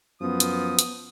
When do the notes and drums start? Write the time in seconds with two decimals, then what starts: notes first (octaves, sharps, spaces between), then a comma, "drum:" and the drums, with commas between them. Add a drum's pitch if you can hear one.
0.21 F#2 F3 B3 D#6
0.40 drum: hi-hat
0.79 drum: hi-hat